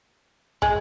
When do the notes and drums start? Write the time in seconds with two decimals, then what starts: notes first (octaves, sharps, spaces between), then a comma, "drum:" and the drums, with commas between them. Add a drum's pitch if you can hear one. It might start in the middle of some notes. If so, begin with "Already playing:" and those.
0.62 G#3, drum: kick